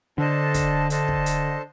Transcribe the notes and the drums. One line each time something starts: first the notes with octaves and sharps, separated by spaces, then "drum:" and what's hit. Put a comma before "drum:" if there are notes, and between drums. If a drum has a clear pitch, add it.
D3 D4 A4 C5 D#5 A5
drum: kick, hi-hat
D4 A4 C5 D#5 A5, drum: hi-hat
drum: kick
drum: hi-hat